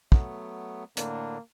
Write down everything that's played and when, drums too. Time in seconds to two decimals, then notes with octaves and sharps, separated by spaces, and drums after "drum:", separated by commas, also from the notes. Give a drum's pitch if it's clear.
0.12 F#3 A3 B3, drum: kick
0.97 A2 D3 A#3 D4, drum: hi-hat